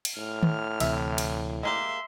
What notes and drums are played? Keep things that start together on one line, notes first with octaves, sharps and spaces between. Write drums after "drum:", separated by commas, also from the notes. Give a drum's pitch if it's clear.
drum: cymbal
A2 F6
drum: tom
D2 C3 E3 E5, drum: cymbal
drum: cymbal
G#3 A#3 G4 E5 C6